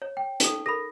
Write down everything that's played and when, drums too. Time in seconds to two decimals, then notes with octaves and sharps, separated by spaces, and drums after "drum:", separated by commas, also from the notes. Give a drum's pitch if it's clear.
0.02 C#5
0.17 G5
0.40 D#4 A4, drum: hi-hat
0.66 A4 A#4 B5 A#6